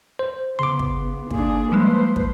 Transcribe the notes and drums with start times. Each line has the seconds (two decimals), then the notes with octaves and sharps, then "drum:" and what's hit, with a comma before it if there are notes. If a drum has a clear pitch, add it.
0.19 C5
0.59 C#3 B3 C6 D6
0.79 drum: kick
1.31 A#3 D4 G#4, drum: kick
1.72 F3 G3 G#3 B4 C5
2.16 drum: kick